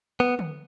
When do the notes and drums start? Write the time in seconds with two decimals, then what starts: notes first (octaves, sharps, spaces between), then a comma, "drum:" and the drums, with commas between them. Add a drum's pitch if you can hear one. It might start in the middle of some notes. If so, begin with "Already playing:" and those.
0.20 B3
0.39 drum: tom D3